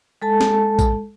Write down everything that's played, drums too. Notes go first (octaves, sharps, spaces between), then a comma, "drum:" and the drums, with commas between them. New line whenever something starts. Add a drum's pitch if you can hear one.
G#3 A4 A5
drum: snare
drum: kick A#1, tambourine